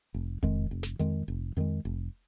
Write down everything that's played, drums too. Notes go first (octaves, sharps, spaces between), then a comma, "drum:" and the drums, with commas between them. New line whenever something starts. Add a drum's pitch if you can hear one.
F1
F2 D#3 G#3, drum: kick E1
F1
drum: snare
F2 D#3 G#3, drum: hi-hat
F1
F2 D#3 G#3
F1